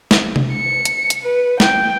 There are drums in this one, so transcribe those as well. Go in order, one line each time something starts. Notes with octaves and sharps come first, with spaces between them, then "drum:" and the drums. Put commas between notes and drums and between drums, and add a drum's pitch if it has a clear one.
drum: snare
drum: tom C3
C#7
drum: hi-hat
drum: hi-hat
B4
G5, drum: snare